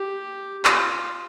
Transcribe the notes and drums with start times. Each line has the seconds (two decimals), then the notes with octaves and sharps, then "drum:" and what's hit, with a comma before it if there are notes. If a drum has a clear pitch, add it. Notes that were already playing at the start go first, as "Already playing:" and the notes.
Already playing: G4
0.65 F4, drum: clap